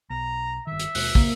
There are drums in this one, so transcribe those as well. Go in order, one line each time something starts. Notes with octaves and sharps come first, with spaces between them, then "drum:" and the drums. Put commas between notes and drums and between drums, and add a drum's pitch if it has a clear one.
B1 A#5
G1 D#3 E5
drum: hi-hat
D#2 B2 G#3 F#6, drum: open hi-hat
A2 C#3 A#3, drum: kick